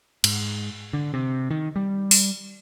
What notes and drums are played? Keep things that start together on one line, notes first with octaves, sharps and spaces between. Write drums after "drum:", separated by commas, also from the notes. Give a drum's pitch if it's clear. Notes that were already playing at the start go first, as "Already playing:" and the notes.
G#2, drum: cymbal
D3
C3
D#3
G3
drum: open hi-hat